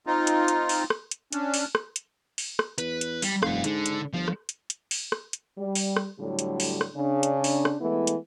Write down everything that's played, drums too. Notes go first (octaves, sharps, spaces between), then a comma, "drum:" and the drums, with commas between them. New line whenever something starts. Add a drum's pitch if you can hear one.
C4 D#4 F4
drum: hi-hat
drum: hi-hat
drum: open hi-hat
drum: rim click
drum: hi-hat
C#4 D4, drum: hi-hat
drum: open hi-hat
drum: rim click
drum: hi-hat
drum: open hi-hat
drum: rim click
E2 B4, drum: hi-hat
drum: hi-hat
G3, drum: open hi-hat
F1 G2 F5, drum: rim click
G#2 D3, drum: hi-hat
drum: hi-hat
G1 F3
drum: rim click
drum: hi-hat
drum: hi-hat
drum: open hi-hat
drum: rim click
drum: hi-hat
G3
drum: open hi-hat
drum: rim click
A2 D3 F#3 G3
drum: hi-hat
drum: open hi-hat
drum: rim click
C#3 D4
drum: hi-hat
drum: open hi-hat
drum: rim click
E3 G#3 A3 B3 E4
drum: hi-hat